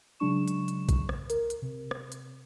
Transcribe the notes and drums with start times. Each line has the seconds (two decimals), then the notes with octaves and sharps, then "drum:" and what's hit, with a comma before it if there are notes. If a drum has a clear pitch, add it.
0.19 C#3 F#3 G#3 D4 C#6 E7
0.48 drum: hi-hat
0.68 drum: hi-hat
0.89 drum: kick A#1, hi-hat
1.09 drum: rim click
1.30 A#4, drum: hi-hat
1.50 drum: hi-hat
1.62 C3
1.91 drum: rim click
2.12 drum: hi-hat